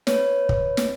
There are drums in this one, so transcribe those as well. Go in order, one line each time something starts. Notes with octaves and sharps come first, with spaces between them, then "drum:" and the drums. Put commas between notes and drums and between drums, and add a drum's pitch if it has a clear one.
B4 C#5, drum: snare
drum: kick
drum: snare